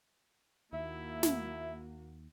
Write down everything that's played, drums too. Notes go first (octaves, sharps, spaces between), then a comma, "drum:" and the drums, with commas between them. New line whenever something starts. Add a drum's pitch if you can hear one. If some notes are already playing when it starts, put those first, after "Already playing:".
D#2 A#3 E4 F#4 E5
drum: snare